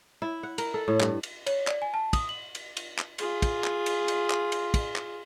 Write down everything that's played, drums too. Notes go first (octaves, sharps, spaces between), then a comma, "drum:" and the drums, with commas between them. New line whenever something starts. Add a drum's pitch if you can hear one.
E4
F#5
A#4, drum: cymbal
A4
A2
G2, drum: clap
drum: cymbal
C#5, drum: cymbal
D5, drum: clap
G#5
A5
D#6, drum: kick, cymbal
F#7
drum: cymbal
drum: cymbal
drum: clap
F4 G#4, drum: cymbal
drum: kick, cymbal
drum: clap
drum: cymbal
drum: cymbal
drum: clap
drum: cymbal
drum: kick, cymbal
drum: clap